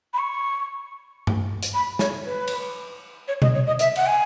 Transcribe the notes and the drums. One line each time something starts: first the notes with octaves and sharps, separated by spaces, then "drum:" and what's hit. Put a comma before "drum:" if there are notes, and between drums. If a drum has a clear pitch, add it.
B5
C#6
drum: tom G2
drum: hi-hat
B5
C#5, drum: snare
B4
drum: cymbal
C#5
D#5, drum: tom B2
C#5
D#5
E5, drum: hi-hat
F#5, drum: cymbal
G#5